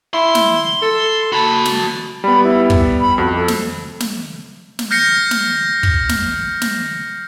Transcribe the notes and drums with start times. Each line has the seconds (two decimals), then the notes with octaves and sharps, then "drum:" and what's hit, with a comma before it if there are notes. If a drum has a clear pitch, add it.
0.14 E4 C6
0.35 drum: snare
0.82 A4
1.33 F#4 A5 B5
1.65 drum: snare
2.24 G3 B3 B5
2.44 E4
2.70 drum: kick
3.00 B5
3.18 F2 F#4
3.35 A4
3.48 drum: snare
4.00 drum: snare
4.79 drum: snare
4.91 F6 G6 A#6 C7 C#7
5.31 drum: snare
5.83 drum: kick
6.09 drum: snare
6.62 drum: snare